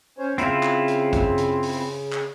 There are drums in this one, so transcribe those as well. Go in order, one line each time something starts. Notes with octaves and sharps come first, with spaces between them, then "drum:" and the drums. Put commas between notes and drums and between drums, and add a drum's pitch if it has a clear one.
C#4 C5 C#5
C#3 C4 E4 F4, drum: hi-hat
drum: clap
drum: hi-hat
drum: kick, hi-hat
drum: hi-hat
drum: open hi-hat
drum: clap